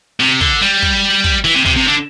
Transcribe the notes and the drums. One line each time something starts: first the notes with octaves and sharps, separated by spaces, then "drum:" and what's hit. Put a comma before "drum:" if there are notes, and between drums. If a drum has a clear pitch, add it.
C3
D3, drum: kick
G3
drum: kick
drum: kick
E3
C3
C3, drum: kick
C3
D3